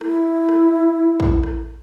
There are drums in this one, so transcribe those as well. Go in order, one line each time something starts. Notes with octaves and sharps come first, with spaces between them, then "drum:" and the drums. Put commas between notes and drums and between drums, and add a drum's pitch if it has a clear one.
E4, drum: rim click
drum: rim click
drum: kick
drum: rim click